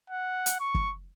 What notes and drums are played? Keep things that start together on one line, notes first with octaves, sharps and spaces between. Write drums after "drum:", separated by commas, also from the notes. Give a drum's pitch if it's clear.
F#5
drum: hi-hat
C#6
drum: kick